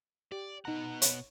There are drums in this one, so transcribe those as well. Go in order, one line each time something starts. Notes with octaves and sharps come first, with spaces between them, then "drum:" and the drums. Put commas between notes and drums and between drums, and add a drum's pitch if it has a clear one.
G4 D5
B2 D#4 F#5 A#5
C#5, drum: hi-hat